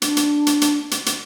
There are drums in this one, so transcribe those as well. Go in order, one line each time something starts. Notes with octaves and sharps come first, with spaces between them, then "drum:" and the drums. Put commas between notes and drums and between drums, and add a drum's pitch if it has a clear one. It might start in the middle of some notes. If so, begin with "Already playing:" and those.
D4, drum: hi-hat
drum: hi-hat
drum: hi-hat
drum: hi-hat
drum: hi-hat
drum: hi-hat